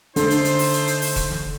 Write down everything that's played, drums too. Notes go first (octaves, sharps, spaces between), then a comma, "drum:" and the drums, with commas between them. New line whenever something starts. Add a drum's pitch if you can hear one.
D3 A3 D#4 C5, drum: hi-hat
drum: hi-hat
drum: hi-hat
drum: open hi-hat
drum: hi-hat
drum: hi-hat
drum: open hi-hat
drum: kick E1, hi-hat
drum: snare